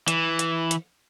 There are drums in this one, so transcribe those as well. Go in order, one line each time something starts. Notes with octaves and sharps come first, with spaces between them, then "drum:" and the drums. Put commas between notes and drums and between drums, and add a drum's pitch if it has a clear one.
E3, drum: hi-hat
drum: hi-hat
drum: hi-hat